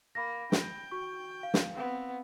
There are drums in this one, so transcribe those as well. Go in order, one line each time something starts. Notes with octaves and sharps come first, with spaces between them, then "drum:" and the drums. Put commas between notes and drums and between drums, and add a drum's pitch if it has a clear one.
A#3 B5 A#6
G5, drum: snare
F#4 C#6
F5
drum: snare
B3 C4